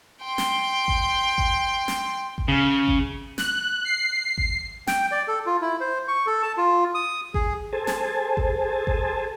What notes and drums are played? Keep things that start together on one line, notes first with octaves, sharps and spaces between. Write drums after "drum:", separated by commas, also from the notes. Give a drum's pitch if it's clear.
G5 C6
drum: snare
drum: kick G#1
drum: kick G#1
drum: snare
drum: kick G#1
C#3
drum: kick G#1
F#6, drum: snare
C7
drum: kick G#1
G5, drum: snare
D5
A4
F4
E4
C5
C#6
A4
A5
F4
D#6
G#4, drum: kick G#1
G#4 A4 C5 G#5 A5
drum: snare
drum: kick G#1
drum: kick G#1